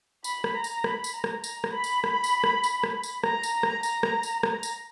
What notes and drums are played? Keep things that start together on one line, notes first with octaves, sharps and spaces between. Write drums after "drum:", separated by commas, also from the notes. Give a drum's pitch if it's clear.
B5, drum: tambourine
drum: rim click
A#5
drum: tambourine
B5, drum: rim click
drum: tambourine
A#5
drum: rim click
A#5, drum: tambourine
drum: rim click
B5
drum: tambourine
drum: rim click
drum: tambourine
drum: rim click
drum: tambourine
drum: rim click
drum: tambourine
A#5, drum: rim click
drum: tambourine
A#5
drum: rim click
A#5, drum: tambourine
drum: rim click
drum: tambourine
A#5, drum: rim click
drum: tambourine